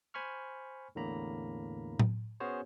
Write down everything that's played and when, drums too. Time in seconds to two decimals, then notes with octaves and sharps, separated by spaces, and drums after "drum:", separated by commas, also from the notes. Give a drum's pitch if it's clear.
0.14 C5 G#5 B5 C#6 F6
0.95 E2 A2 D3 A#3 A#5 B5
1.99 drum: tom A2
2.40 B3 C#4 F#4 G#4 C5 C#5